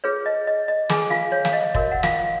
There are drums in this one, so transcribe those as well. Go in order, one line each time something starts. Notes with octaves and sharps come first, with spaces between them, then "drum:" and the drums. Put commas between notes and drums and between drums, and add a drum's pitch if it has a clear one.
F4 G#4 B4 C#5
D#5
D#5
D#5
F4 G#4 B4 G#5, drum: snare
F4 F5
C#5
F5, drum: snare
D#5
F#4 A#4 C#5 D#5, drum: kick
F#5
F4 F5, drum: snare